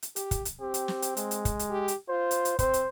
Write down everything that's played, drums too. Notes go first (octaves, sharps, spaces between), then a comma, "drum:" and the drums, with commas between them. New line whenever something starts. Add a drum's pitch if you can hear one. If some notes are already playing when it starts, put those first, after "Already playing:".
drum: hi-hat
G4, drum: hi-hat
drum: kick, hi-hat
drum: hi-hat
C4 G4
drum: hi-hat
drum: snare
drum: hi-hat
G#3, drum: hi-hat
drum: hi-hat
drum: kick, hi-hat
drum: hi-hat
G4
drum: hi-hat
F4 C5
drum: hi-hat
drum: hi-hat
C4 C5, drum: kick, hi-hat
drum: hi-hat